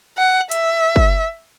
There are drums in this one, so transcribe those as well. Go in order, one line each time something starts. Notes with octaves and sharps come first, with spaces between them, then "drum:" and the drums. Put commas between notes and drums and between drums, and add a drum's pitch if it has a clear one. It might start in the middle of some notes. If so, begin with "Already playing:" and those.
F#5
E5, drum: hi-hat
drum: kick